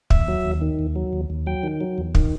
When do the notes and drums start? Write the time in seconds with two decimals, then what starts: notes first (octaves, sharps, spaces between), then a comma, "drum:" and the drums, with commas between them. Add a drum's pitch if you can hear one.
0.10 D#2 E5, drum: kick
0.28 F#3
0.45 D#2
0.61 D#3
0.79 D#2
0.96 F#3
1.13 D#2
1.30 D#2
1.46 F#3 G5
1.63 D#3
1.81 F#3
1.98 E2
2.15 D#3, drum: kick